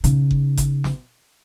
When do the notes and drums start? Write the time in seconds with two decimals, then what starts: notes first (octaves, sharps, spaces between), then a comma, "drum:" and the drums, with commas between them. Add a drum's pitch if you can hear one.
0.04 C#3 D#4, drum: hi-hat
0.31 drum: kick F#1
0.57 drum: kick F#1, hi-hat
0.84 drum: snare